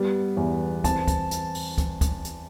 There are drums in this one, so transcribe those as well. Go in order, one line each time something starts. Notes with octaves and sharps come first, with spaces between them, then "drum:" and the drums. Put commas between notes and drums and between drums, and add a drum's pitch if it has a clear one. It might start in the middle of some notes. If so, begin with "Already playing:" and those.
Already playing: G3 B3
E2
C4 A5, drum: kick, hi-hat
drum: kick, hi-hat
drum: hi-hat
drum: open hi-hat
drum: kick, hi-hat
drum: kick, hi-hat
drum: hi-hat